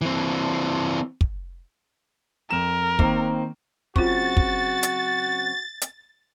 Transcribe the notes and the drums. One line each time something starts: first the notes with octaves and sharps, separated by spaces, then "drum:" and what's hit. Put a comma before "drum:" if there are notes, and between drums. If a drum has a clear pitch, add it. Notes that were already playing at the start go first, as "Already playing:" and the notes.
E3 C4
drum: kick
F2 A#4 E7
D#3 A#3 C4, drum: kick
F#2 C#3 C4 F4 F#4 C#6 A6, drum: kick
drum: kick
drum: hi-hat
drum: hi-hat